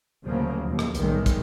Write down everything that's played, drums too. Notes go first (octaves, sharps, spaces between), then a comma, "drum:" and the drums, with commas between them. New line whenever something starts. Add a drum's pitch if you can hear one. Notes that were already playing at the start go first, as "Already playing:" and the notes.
D2 C#3 F3 F#3 A#3
D#2 B2
drum: rim click
B1 A2 D#3 G3 G#3, drum: hi-hat
drum: kick, hi-hat